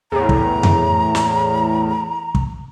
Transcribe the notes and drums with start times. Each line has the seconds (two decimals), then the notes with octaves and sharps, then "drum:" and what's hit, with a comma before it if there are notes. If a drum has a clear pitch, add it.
0.12 E2 A2 A#5
0.29 drum: kick
0.63 drum: tom F2
1.15 drum: snare
2.35 drum: kick